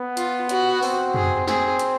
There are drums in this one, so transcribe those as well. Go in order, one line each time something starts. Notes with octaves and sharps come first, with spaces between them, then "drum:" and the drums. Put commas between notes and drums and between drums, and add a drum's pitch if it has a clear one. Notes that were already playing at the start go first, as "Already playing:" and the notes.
Already playing: B3
F4, drum: hi-hat
F#4, drum: hi-hat
C4, drum: open hi-hat
G#4, drum: tom F2
C4 G#4, drum: snare
drum: hi-hat